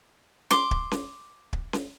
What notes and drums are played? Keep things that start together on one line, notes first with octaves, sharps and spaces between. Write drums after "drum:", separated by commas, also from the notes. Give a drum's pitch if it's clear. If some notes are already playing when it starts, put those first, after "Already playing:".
C6 D6, drum: snare C#4
drum: kick
drum: snare C#4
drum: kick
drum: snare C#4